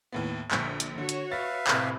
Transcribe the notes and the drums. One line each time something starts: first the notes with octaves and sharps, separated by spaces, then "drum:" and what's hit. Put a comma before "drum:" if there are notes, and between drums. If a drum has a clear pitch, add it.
D#2 A2 B3
A#1 D3 B6, drum: clap
drum: hi-hat
D3 F#4 C#5
drum: hi-hat
B4 E5 F5 A6
A2 C3 E4, drum: clap